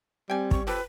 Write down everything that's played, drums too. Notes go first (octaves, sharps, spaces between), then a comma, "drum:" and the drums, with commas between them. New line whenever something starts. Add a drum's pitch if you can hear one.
G3 C4 G5 G#5
C#6, drum: kick
C4 F4 G4 A4 B4